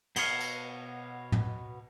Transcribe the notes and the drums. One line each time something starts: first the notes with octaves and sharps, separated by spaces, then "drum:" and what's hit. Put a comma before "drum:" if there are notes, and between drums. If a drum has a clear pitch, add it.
B2 B3 C#5 F5, drum: cymbal
drum: tambourine
drum: tom